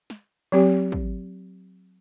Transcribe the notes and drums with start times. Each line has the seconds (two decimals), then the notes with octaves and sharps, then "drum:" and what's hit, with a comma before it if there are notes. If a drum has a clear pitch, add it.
0.10 drum: snare
0.52 F#3 C4 G4
0.92 drum: kick